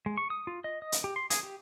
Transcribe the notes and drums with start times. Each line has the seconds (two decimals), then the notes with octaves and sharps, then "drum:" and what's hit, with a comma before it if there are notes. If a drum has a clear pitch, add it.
0.06 G#3
0.17 C#6
0.30 D#6
0.47 F4
0.64 D#5
0.82 D#5
0.92 drum: hi-hat
1.04 G4
1.16 C6
1.30 G#4, drum: hi-hat
1.43 G4